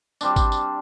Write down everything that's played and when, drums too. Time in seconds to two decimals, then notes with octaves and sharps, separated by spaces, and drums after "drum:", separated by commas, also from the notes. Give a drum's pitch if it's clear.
0.21 G3 C4 D4, drum: tambourine
0.36 drum: kick, tambourine
0.52 drum: tambourine